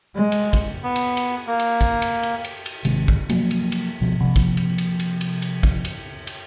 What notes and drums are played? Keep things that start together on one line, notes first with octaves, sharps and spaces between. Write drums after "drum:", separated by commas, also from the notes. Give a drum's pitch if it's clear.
G#3
drum: cymbal
drum: kick, cymbal
B3
drum: cymbal
drum: cymbal
A#3
drum: cymbal
drum: kick, cymbal
drum: cymbal
drum: cymbal
drum: cymbal
drum: cymbal
G#1 C3 D#3 G#3, drum: cymbal
drum: kick
C3 F3 F#3 A#3, drum: cymbal
drum: cymbal
drum: cymbal
G#1 C#2 B2 F3
C3 F3 A#3
drum: kick, cymbal
drum: cymbal
drum: cymbal
drum: cymbal
drum: cymbal
drum: cymbal
drum: kick, cymbal
drum: cymbal
drum: cymbal